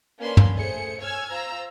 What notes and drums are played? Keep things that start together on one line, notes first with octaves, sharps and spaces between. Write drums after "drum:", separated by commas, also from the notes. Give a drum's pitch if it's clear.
A#3 C#4 D4 B4 B5 C6
drum: tom
A3 G#4 C5 C#7
C#5 G#5 E6 F6 G#6
F4 C5 A#5 E6